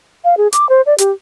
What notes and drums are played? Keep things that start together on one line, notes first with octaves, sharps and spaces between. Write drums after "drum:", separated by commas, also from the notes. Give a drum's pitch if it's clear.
F5
G#4
D6, drum: hi-hat
C5
D5
G4, drum: hi-hat